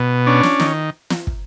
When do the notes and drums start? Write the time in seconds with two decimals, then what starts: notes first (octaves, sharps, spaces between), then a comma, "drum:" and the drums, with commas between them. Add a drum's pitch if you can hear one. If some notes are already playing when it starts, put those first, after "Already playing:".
Already playing: B2
0.26 C#4 D4
0.43 drum: snare
0.60 D#3, drum: snare
1.10 drum: snare
1.27 drum: kick